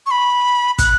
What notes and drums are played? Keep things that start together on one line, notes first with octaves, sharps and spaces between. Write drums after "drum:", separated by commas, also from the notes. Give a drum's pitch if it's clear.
C#6
B5
F#6, drum: kick, hi-hat